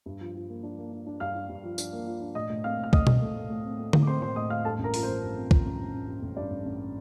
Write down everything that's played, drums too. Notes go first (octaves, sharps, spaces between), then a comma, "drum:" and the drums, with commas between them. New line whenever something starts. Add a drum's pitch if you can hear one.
G2
F3
F3
A#3
D4
A#3
D4
D4
G2 F5 F6
D4
G2
F3
D4, drum: tambourine
A#3
F3
D4
A2 D#5 D#6
A2
C4 F5 F6
A2
F6
A3 D#5 D#6, drum: kick
A3, drum: tom B2
A3
A2
A2
C4
A3
A2, drum: tom D3
D6
C4 C5 C6
A2 C5 C6
A2 D#5 D#6
A2 F5 F6
G2 A4 A5
A1
A#4 A#5
F3, drum: open hi-hat
A1 C5
G2
C4
F3, drum: kick
A1
G2
A1
G2
A1
G2 D5
A1
A1